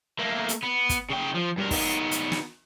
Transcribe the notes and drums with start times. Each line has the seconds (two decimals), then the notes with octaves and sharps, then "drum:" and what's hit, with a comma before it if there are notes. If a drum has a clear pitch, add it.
0.19 A3 A#3
0.49 drum: hi-hat
0.63 B3
0.89 drum: kick, hi-hat
1.10 C#3 G5
1.34 F3
1.57 G2 A#4
1.71 D#3 B3, drum: kick, open hi-hat
2.11 drum: hi-hat
2.32 drum: snare